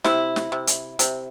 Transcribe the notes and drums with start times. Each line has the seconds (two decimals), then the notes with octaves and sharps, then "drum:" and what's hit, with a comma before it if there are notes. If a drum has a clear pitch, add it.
0.04 C3 E4, drum: snare
0.36 drum: snare
0.52 C3
0.67 drum: hi-hat
0.99 C3, drum: hi-hat